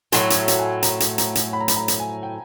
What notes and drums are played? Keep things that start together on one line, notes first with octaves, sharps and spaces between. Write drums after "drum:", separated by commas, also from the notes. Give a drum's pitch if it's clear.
A2 F#3 A3 C6, drum: hi-hat
drum: hi-hat
drum: hi-hat
G#5
A#5, drum: hi-hat
drum: hi-hat
A#5, drum: hi-hat
drum: hi-hat
B5
A#5
B5, drum: hi-hat
A#5
drum: hi-hat
G#5
G5